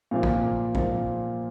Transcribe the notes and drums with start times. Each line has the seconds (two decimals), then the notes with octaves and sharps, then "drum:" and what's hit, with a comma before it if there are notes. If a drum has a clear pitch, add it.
0.11 A#2 F3 A#3 F5
0.23 drum: kick
0.75 A#2 F3 A#3, drum: kick